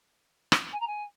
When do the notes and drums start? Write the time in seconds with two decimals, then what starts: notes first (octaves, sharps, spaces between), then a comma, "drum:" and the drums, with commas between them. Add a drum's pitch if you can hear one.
0.52 drum: rim click
0.72 G#5
0.80 A#5
0.87 G#5